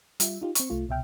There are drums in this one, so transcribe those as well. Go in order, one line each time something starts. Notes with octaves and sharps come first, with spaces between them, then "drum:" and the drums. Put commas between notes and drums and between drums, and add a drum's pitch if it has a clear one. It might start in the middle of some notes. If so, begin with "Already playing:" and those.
G3 F4 E5, drum: hi-hat
D#4 F4 G4
C4 C#6, drum: hi-hat
C2 A3 F4
C2 B2 E5 G5 F6